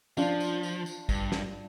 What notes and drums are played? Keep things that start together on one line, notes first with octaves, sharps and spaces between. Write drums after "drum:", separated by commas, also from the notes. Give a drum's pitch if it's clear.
F3 D4 F4, drum: tambourine
drum: tambourine
drum: tambourine
drum: tambourine
G2, drum: kick, tambourine
drum: snare